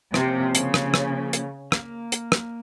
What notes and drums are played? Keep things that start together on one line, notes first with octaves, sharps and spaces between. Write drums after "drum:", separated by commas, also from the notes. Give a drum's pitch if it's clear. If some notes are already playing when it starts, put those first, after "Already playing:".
C3 F3 A#3 C#4 F4 C5, drum: rim click
C#3, drum: hi-hat
drum: rim click
drum: rim click
drum: hi-hat
A#3, drum: rim click
drum: hi-hat
drum: rim click